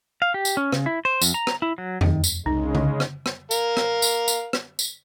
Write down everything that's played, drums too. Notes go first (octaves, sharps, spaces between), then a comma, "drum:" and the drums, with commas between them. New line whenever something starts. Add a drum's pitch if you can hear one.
F5
G4
drum: tambourine
C#4
C#3, drum: rim click
E4
C5
F2, drum: tambourine
A#5
drum: rim click
E4
F#3
D#3, drum: tom E2
drum: tambourine
C2 C#3 G#3 D#4
drum: tom C#3
drum: rim click
drum: rim click
A#4 F5, drum: tambourine
drum: rim click
drum: tambourine
drum: tambourine
drum: rim click
drum: tambourine